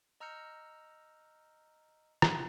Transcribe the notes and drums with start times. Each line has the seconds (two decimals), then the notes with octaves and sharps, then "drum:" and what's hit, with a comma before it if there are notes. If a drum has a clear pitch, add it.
0.20 D#5 A#5 E6 F6 G6 C#7
2.22 drum: rim click